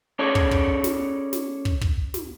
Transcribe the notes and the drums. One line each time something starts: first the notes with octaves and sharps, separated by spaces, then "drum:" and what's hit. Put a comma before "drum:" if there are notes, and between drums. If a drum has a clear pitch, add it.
C#4 G#4 A4 C#5 D5
drum: kick
drum: kick
drum: snare
drum: snare
drum: kick
drum: kick
drum: snare